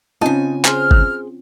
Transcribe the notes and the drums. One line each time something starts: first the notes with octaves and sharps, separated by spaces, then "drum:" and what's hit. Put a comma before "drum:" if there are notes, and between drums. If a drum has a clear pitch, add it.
C#3 C4 C#4 D#4 F4 G#5 A5
G#4 C5 F6, drum: clap
drum: kick